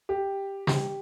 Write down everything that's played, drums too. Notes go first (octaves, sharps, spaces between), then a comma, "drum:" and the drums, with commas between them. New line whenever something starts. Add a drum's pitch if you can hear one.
G4
G4, drum: snare